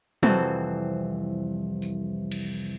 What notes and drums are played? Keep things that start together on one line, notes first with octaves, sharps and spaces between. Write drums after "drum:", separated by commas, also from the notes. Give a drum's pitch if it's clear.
C2 F2 E3 C4 F#4 A4, drum: tom
drum: tambourine
drum: cymbal